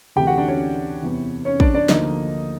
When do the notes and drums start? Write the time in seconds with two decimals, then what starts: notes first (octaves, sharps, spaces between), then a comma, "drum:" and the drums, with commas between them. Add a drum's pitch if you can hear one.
0.16 D2 C3 E3 A3 G4 G5
0.27 F#4 F#5
0.38 D4 D5
0.48 C#4 C#5
1.03 E2 C3 E3
1.45 C#4 C#5
1.60 D4 D5, drum: kick
1.74 D4 D5
1.89 D2 D3 F3 A#3 D#4 D#5, drum: snare